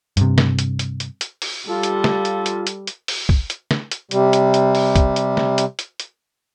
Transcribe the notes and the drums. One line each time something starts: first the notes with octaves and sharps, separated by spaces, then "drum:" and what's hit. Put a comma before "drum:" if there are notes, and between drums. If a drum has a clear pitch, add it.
G2 C3, drum: hi-hat
drum: snare
drum: hi-hat
drum: hi-hat
drum: hi-hat
drum: hi-hat
drum: open hi-hat
G3 F4 A4
drum: hi-hat
drum: snare
drum: hi-hat
drum: hi-hat
drum: hi-hat
drum: hi-hat
drum: open hi-hat
drum: kick
drum: hi-hat
drum: snare
drum: hi-hat
C3 G3, drum: hi-hat
drum: hi-hat
drum: hi-hat
drum: open hi-hat
drum: kick, hi-hat
drum: hi-hat
drum: snare
drum: hi-hat
drum: hi-hat
drum: hi-hat